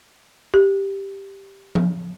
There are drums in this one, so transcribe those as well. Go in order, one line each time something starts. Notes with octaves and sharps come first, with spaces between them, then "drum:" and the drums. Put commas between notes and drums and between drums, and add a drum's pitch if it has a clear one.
G4
drum: tom F3